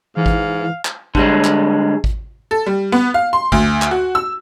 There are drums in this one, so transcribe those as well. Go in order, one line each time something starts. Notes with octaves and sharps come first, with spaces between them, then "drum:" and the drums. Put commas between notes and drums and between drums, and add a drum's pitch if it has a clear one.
G#2 E3 F5
drum: kick G#1
drum: clap
D3 G3 G#3, drum: kick G#1
drum: clap
drum: kick G#1
A4
G3
B3
F5
C6
D2, drum: kick G#1
drum: clap
F#4
E6